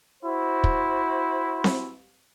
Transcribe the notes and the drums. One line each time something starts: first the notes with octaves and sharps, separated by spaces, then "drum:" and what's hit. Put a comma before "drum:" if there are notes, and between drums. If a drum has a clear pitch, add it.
E4 F#4 C5
drum: kick
drum: snare C4